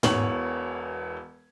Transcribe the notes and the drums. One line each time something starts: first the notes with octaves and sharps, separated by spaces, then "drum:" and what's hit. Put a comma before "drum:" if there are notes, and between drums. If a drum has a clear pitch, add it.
E1 E2 B3 C#5 F#7, drum: tom